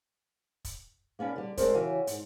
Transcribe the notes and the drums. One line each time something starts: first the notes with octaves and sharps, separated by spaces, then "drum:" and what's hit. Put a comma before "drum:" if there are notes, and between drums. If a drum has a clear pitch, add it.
drum: kick, hi-hat
A#3 B3 C#4 D4
D3 G3
F#3 G#3 C4 D4 A#4 C5, drum: kick, hi-hat
C#3 E3 F#4 G4 C#5 G#5
G#2, drum: hi-hat